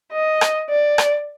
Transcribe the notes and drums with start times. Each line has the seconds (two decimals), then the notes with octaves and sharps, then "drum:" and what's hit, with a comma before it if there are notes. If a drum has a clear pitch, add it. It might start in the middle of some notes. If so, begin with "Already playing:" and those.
0.12 D#5
0.41 drum: rim click
0.69 D5
0.98 drum: rim click